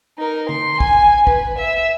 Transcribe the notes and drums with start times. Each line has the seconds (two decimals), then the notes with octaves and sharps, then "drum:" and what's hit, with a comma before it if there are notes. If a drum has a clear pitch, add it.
0.18 D#4 A#4
0.49 C6, drum: tom D3
0.80 G#5, drum: kick
1.27 B4, drum: kick
1.58 E5